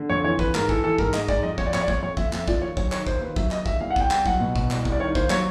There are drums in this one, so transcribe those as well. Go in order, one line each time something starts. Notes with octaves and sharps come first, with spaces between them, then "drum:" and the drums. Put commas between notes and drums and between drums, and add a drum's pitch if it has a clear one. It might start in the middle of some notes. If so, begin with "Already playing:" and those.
Already playing: D3
F2 C#5
E3 C#5
E3 B4, drum: kick
G#2 A#4, drum: clap
E3 A4, drum: kick
E3 A4
G#2 A#4, drum: kick
G#2 D#5, drum: clap
G#2 D5, drum: kick
F2 D#5
F2 C#5, drum: kick
D5
F2 C#5, drum: clap
D5
F2 C#5, drum: kick
F2 C#5
F2 E5, drum: kick
F2 E5, drum: clap
F3 D5, drum: kick
D#2 C#5
F#3 C#5, drum: kick
D#3 C#5, drum: clap
D#2 C5, drum: kick
D#2 B4
F#3 E5, drum: kick
D#2 D#5, drum: clap
D#2 E5, drum: kick
C2 F5
F#5
C2 G5, drum: kick
C2 G5, drum: clap
F#3 F#5, drum: kick
B2
B2, drum: kick
C2, drum: clap
C2, drum: kick
D5
D#3 C#5
D#2 C5, drum: kick
F#3 C#5, drum: clap